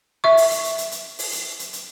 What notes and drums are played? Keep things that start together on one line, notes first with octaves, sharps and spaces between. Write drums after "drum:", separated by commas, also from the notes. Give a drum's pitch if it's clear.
E5 C#6
drum: open hi-hat
drum: hi-hat
drum: hi-hat
drum: hi-hat
drum: hi-hat
drum: open hi-hat
drum: hi-hat
drum: hi-hat
drum: hi-hat